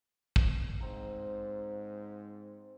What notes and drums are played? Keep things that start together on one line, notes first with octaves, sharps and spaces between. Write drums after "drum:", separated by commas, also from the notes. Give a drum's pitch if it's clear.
drum: kick
G#2 C4 A#5